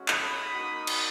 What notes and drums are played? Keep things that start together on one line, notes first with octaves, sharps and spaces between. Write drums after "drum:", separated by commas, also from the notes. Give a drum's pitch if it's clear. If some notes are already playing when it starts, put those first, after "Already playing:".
Already playing: G#3 C#4 F#4
B5 D#6, drum: clap
A#3 D#4 F#4
drum: cymbal